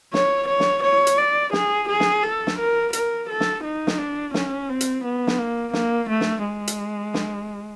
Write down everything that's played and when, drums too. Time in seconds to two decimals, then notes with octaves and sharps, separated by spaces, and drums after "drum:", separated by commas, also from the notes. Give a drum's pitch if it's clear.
0.14 C#5, drum: snare
0.48 C#5
0.60 drum: snare
0.83 C#5
1.07 drum: hi-hat
1.18 D5
1.53 G#4, drum: snare
1.89 G#4
2.00 drum: snare
2.23 A4
2.47 drum: snare
2.59 A#4
2.93 A#4, drum: hi-hat
3.29 A4
3.40 drum: snare
3.64 D#4
3.87 drum: snare
3.98 D4
4.34 C#4, drum: snare
4.69 C4
4.81 drum: hi-hat
5.04 B3
5.27 drum: snare
5.39 A#3
5.73 A#3, drum: snare
6.09 A3
6.21 drum: snare
6.44 G#3
6.67 drum: hi-hat
7.14 drum: snare